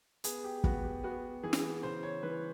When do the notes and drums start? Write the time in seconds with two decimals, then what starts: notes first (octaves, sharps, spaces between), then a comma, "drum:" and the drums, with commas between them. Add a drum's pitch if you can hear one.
0.24 B3 G#4, drum: hi-hat
0.44 G4
0.64 B3 F#4, drum: kick
0.83 G4
1.04 B3 F#4
1.43 E3 G#4
1.53 drum: snare
1.83 C#3 C5
2.03 C#5
2.23 E3 B4